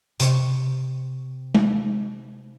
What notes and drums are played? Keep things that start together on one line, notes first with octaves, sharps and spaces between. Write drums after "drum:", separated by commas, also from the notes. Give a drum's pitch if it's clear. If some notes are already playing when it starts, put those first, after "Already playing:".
C3 C#6, drum: hi-hat
drum: tom G#3